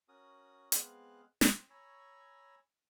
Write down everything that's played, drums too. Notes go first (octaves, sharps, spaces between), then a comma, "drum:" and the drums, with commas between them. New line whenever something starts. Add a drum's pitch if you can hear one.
C#4 F#4 A#4 D#6
G#3 B3 C4 G#4 F5 F#6, drum: hi-hat
C4, drum: snare
C#5 G#5 A#5 B5 C#6 E6